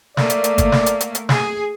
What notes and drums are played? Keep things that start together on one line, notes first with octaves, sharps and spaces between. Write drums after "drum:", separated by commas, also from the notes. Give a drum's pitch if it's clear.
A3 A#3 D5, drum: snare
drum: hi-hat
drum: hi-hat
drum: kick G1, hi-hat
drum: snare
drum: hi-hat
drum: hi-hat
drum: hi-hat
G#4, drum: snare